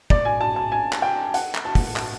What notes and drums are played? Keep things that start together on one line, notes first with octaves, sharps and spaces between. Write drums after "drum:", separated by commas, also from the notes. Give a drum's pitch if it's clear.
D5, drum: kick
G#5
A5
A5
G#5
drum: clap
G5
F#5, drum: hi-hat
drum: clap
A5
drum: kick, open hi-hat
A5, drum: clap